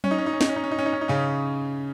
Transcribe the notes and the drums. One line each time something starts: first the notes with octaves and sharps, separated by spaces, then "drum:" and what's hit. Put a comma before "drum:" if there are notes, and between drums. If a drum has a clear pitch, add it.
C#4, drum: tom F#3
D#4
C#4
D#4
C#4
D#4, drum: snare
C#4
D#4
C#4
D#4
C#4
D#4
C#4
D#4
C#3 C#4